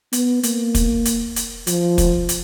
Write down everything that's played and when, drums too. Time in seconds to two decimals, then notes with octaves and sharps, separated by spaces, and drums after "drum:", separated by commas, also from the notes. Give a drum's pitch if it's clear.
0.13 B3, drum: hi-hat
0.43 A#3, drum: hi-hat
0.75 drum: kick, hi-hat
1.05 drum: hi-hat
1.36 drum: hi-hat
1.67 F3, drum: hi-hat
1.98 drum: kick, hi-hat
2.29 drum: hi-hat